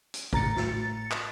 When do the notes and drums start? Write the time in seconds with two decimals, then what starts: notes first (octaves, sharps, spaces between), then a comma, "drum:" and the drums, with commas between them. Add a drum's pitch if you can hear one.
0.14 drum: hi-hat
0.33 A2 A#5 A6 C#7, drum: kick G#1
0.56 drum: snare
1.11 drum: clap